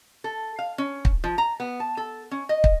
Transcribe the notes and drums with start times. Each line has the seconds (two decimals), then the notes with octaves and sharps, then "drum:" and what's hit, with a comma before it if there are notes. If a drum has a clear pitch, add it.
0.24 A4
0.59 F5
0.78 C#4
1.05 drum: kick
1.24 F3
1.38 A#5
1.60 B3
1.80 A5
1.97 A4
2.31 C#4
2.49 D#5
2.64 drum: kick